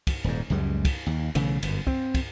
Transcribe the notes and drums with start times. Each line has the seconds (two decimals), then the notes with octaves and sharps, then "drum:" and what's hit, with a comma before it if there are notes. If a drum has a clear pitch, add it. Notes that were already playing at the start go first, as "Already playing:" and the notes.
0.07 drum: kick, cymbal
0.24 D#1 G#2
0.50 C#2 F#2 G3 G#3
0.85 drum: kick, cymbal
1.06 D#2
1.35 B1 C#3 E3 A3, drum: cymbal
1.63 G1 F#2, drum: cymbal
1.87 C4, drum: kick
2.14 drum: kick, cymbal